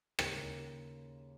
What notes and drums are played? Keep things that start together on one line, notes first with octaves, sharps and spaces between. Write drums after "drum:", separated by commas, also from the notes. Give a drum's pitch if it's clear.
D#2 C#3 A#3, drum: rim click